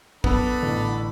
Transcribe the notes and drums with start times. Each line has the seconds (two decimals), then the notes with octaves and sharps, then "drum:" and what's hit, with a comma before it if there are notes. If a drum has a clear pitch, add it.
0.24 F#2 B3 D4 A4 B5, drum: kick
0.62 A1 D3